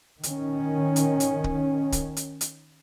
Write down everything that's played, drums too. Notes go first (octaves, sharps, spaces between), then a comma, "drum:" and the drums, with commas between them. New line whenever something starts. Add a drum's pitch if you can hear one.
D#3 C#4, drum: hi-hat
drum: hi-hat
drum: hi-hat
drum: kick
drum: kick, hi-hat
drum: hi-hat
drum: hi-hat